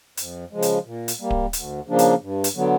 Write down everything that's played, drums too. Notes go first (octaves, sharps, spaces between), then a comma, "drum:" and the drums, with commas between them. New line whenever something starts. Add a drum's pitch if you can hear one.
F2, drum: hi-hat
C#3 F3 G#3
drum: hi-hat
A#2
drum: hi-hat
G3 A#3
drum: kick D1
D2, drum: hi-hat
C#3 F3 A#3 D4
drum: hi-hat
G2
drum: hi-hat
D3 F#3 B3